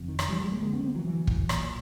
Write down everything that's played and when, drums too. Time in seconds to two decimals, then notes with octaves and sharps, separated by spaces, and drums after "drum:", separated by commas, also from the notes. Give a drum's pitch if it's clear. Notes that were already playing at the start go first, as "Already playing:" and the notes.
Already playing: F#1 F2
0.08 D#3
0.19 D#3, drum: rim click
0.29 F3 G3
0.41 F#3 G#3
0.52 G#3 A#3
0.62 D2 D3 G#3 A#3
0.73 B3 C#4
0.84 A#3 C4
0.95 E3 F#3
1.05 E3 F#3
1.27 drum: kick
1.49 B1 A#2, drum: rim click